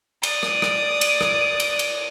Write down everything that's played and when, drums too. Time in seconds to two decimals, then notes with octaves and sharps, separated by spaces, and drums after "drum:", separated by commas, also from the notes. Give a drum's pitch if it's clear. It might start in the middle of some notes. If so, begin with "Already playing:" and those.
0.23 D5 D#6, drum: cymbal
0.43 drum: rim click
0.62 drum: rim click
1.01 drum: cymbal
1.21 drum: rim click
1.60 drum: cymbal
1.79 drum: cymbal